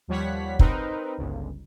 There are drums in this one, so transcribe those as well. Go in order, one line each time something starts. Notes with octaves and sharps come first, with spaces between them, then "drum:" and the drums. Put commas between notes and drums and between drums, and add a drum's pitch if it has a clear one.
D#2 F3 G3 C#5 F#5 B6
C4 D#4 A#4 B4, drum: kick
G1 C#2